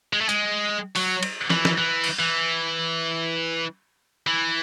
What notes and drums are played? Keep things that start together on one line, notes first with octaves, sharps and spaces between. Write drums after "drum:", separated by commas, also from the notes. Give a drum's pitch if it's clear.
G#3
A3
G#3, drum: hi-hat
F#3, drum: open hi-hat
drum: cymbal
E3, drum: snare
drum: snare
E3
drum: cymbal
E3
E3